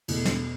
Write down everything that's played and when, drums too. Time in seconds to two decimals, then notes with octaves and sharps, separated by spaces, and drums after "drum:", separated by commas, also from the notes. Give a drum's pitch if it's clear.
0.08 E2 B2 A3, drum: cymbal
0.25 drum: snare